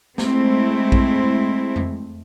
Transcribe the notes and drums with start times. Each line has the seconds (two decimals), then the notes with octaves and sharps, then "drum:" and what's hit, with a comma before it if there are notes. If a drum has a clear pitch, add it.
0.18 G#3 A3 C4 E4, drum: snare
0.92 drum: kick A#1
1.76 drum: tom F2